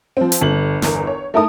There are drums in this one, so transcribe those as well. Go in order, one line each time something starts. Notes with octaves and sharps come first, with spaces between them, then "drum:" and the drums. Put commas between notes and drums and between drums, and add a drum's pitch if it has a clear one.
F3 C4
drum: hi-hat
G1 F#7
G1 E2 A#4, drum: snare
C#5
A3 D#4 E4 A#4 A5 D#6